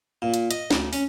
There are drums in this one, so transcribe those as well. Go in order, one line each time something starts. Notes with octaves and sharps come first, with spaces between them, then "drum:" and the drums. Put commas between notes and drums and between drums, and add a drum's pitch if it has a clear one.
A#2
drum: hi-hat
D#5, drum: hi-hat
D2, drum: snare
C#4, drum: open hi-hat